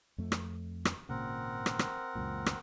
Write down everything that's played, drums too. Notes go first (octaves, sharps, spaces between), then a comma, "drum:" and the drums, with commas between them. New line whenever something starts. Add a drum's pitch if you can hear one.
F2 A3
drum: rim click
drum: rim click
G#1 A#2 C#3 C4 A#4 F#5
drum: rim click
drum: rim click
C#2 F#2 A#2
drum: rim click